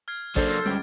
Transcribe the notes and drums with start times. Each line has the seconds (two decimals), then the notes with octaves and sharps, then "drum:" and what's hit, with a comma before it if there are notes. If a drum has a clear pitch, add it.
0.08 F6 G#6 C7
0.36 F#3 A#3 D4 A4 C5 A6, drum: kick A1, hi-hat
0.66 C#2 G2 D7